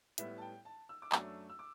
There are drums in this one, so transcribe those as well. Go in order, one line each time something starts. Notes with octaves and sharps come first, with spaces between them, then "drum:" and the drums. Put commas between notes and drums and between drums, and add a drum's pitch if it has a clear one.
A2 G3 B3 E4 E5, drum: hi-hat
A5
G5
A5
E6
D6
F#2 F#3 A3 D4 E6, drum: clap
E6
D6